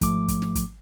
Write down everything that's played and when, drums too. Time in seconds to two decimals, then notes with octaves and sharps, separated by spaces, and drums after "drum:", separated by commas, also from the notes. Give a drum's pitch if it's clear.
0.01 G#2 F3 A3 D6, drum: kick, hi-hat
0.28 drum: kick, hi-hat
0.42 drum: snare
0.55 drum: kick, hi-hat